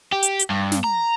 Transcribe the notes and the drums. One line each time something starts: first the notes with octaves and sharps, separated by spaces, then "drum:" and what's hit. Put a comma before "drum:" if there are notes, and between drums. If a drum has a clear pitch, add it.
G4
drum: hi-hat
drum: hi-hat
G2
drum: snare
A#5